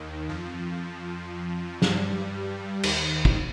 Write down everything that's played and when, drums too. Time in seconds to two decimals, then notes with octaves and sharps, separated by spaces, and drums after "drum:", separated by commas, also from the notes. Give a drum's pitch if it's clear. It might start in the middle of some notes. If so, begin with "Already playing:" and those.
Already playing: D#2 D#3
0.29 F2 F3
1.82 G2 G3, drum: snare
2.83 D#2 D#3, drum: cymbal
3.25 drum: kick